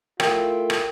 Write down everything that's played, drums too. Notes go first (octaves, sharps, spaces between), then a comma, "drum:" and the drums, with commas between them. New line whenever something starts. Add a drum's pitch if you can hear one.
A3 E4 F4 A4 A#4 G5, drum: rim click
drum: rim click